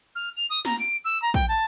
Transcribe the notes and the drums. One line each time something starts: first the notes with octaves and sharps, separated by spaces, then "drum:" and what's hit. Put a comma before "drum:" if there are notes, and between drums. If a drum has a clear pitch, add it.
F6
F7
D#6
A#5, drum: snare
D7
E6
A#5
G5, drum: kick
A5